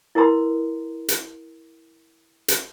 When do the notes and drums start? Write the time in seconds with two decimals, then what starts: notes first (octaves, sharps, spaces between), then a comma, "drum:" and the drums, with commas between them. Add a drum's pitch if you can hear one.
0.15 E4 A#4 B4 A#5 C6
1.08 drum: hi-hat
2.48 drum: hi-hat